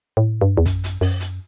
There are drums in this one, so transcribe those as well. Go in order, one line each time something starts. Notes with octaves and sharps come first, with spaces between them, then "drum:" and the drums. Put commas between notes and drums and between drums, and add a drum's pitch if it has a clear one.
A2
G2
E2
F#2, drum: kick, hi-hat
drum: hi-hat
F#2, drum: open hi-hat
drum: hi-hat